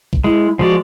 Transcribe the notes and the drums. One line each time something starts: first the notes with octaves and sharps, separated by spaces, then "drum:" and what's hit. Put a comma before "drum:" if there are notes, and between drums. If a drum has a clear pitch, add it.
drum: kick B1
G#3 E4
F3 G#3 F#4 D5